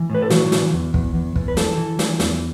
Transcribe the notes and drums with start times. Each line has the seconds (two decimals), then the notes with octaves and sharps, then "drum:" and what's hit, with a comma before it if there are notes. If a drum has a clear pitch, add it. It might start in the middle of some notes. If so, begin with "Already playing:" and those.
Already playing: E3
0.10 A2 B4
0.22 A4
0.30 E3 F#4, drum: snare
0.52 E3, drum: snare
0.73 E2
0.94 E2, drum: kick
1.14 E2
1.36 E2, drum: kick
1.48 B4
1.57 E3 A4, drum: snare
1.78 E3
1.99 E3, drum: snare
2.20 E2, drum: snare